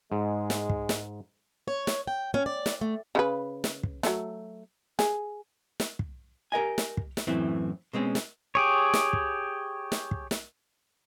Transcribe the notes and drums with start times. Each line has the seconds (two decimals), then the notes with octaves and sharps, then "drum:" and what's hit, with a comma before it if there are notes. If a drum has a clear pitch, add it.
0.12 G#2 G#3
0.50 drum: snare
0.70 drum: kick
0.89 drum: snare
1.68 C#5
1.87 drum: snare
2.07 G5
2.34 C#4
2.46 D5
2.66 drum: snare
2.81 A3
3.15 C#3 F4 B4
3.64 drum: snare
3.83 drum: kick
4.03 F#3 A3, drum: snare
4.99 G#4, drum: snare
5.80 drum: snare
5.99 drum: kick
6.52 G4 A#4 D#5 G#5
6.78 drum: snare
6.97 drum: kick
7.17 drum: snare
7.27 F#2 A2 E3 C4 E4
7.93 B2 G#3 C4 C#4
8.15 drum: snare
8.55 G4 G#4 C#5
8.94 drum: snare
9.13 drum: kick
9.92 drum: snare
10.11 drum: kick
10.31 drum: snare